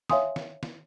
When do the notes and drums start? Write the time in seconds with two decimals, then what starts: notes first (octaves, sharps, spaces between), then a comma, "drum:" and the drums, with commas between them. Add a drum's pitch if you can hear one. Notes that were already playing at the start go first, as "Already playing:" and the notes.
0.09 C#5 E5 F5 G#5 C6 D#6, drum: snare
0.36 drum: snare
0.63 drum: snare